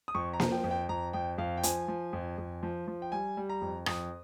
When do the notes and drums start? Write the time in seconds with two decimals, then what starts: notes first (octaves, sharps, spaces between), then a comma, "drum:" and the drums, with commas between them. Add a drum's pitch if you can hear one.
0.08 D#6
0.14 F2 C#6
0.33 A#5
0.40 F3, drum: snare A#3
0.52 G5
0.64 F2
0.71 G5
0.89 F2 A#5
1.13 F2 G5
1.38 F2 F5
1.57 G5
1.63 F3 G#5, drum: hi-hat
1.88 F3
2.13 F2
2.38 F2
2.63 F3
2.88 F3
3.02 G5
3.12 G3 G#5
3.37 G3
3.49 A#5
3.61 F2
3.86 F2 D#6, drum: rim click